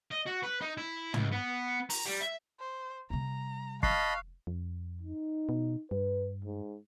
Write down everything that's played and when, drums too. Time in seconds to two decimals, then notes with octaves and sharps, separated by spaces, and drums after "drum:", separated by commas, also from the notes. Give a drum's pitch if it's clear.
0.12 D#5
0.27 F#4
0.43 B4
0.62 D#4
0.78 E4
1.14 C#2, drum: tom
1.32 B3
1.90 A#5, drum: open hi-hat
2.05 G3
2.20 E5
2.60 C5
3.10 C3 G3 A#5
3.83 D#5 F5 A5 B5 C#6 F#6 C7, drum: kick
4.47 F2
5.02 D#4
5.49 B2
5.91 G2 B4
6.45 G#2